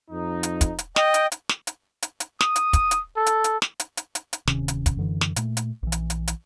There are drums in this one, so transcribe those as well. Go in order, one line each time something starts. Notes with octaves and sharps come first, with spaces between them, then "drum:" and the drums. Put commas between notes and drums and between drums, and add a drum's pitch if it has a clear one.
F2 D#4
drum: hi-hat
drum: kick, hi-hat
drum: hi-hat
D#5 G5, drum: snare
drum: hi-hat
drum: hi-hat
drum: snare
drum: hi-hat
drum: hi-hat
drum: hi-hat
D#6, drum: snare
drum: hi-hat
drum: kick, hi-hat
drum: hi-hat
A4
drum: hi-hat
drum: hi-hat
drum: snare
drum: hi-hat
drum: hi-hat
drum: hi-hat
drum: hi-hat
D1 C3 D#3 C#4, drum: snare
drum: hi-hat
drum: kick, hi-hat
F#2 D3 E3
drum: snare
A#2 A3, drum: hi-hat
drum: hi-hat
A#1 E3
drum: hi-hat
drum: hi-hat
drum: hi-hat